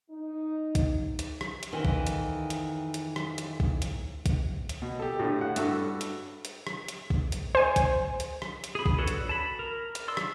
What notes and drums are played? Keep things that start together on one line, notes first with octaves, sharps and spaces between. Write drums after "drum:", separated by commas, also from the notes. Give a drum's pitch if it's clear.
D#4
drum: kick A#1, hi-hat
drum: hi-hat
drum: rim click
drum: hi-hat
F2 D#3 E3
drum: kick A#1
drum: hi-hat
drum: hi-hat
drum: hi-hat
drum: rim click
drum: hi-hat
drum: kick A#1
drum: hi-hat
drum: kick A#1, hi-hat
drum: hi-hat
B2
G4 A4
A2 D3
E4 F#5
G2 F#4 A4 E6, drum: hi-hat
drum: hi-hat
drum: hi-hat
drum: rim click
drum: hi-hat
drum: kick A#1
drum: hi-hat
C5 G#5
drum: kick A#1, hi-hat
drum: hi-hat
drum: rim click
drum: hi-hat
G#4 B5
drum: kick A#1
D4 F#4 A4 B4 C#5
drum: hi-hat
A5 B5
A#4
drum: hi-hat
D5 C6 E6
drum: rim click